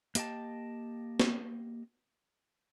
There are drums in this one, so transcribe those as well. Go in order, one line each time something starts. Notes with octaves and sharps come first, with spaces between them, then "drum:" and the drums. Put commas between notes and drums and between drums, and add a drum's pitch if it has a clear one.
A#3 G4 D#5 G5 A5, drum: hi-hat
drum: snare